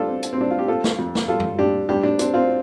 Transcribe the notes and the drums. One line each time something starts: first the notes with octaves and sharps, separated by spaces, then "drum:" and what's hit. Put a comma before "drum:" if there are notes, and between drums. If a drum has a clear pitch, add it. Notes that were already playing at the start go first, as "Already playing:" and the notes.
Already playing: G2 D4 F4 G4 A4
C4
drum: hi-hat
C4
G3 D4
F4
G4
C4 F4 A4
drum: snare
F2
drum: snare
G3 F4 A4
drum: tom F#2
G3 D4 G4
G2 D4 G4
D4
C4 D4, drum: hi-hat
C4 F4